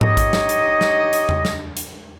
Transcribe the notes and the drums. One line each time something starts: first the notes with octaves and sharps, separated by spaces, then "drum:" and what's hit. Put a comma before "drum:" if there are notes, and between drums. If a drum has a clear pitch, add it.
D#4 G4 C#5 D#5, drum: tom G#2
drum: kick A1, hi-hat
drum: snare
drum: hi-hat
drum: snare
drum: hi-hat
drum: tom E2
drum: snare
drum: hi-hat